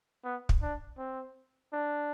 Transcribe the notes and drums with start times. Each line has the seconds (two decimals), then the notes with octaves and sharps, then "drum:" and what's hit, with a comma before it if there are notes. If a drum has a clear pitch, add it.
0.25 B3
0.49 drum: kick
0.62 D4
0.98 C4
1.73 D4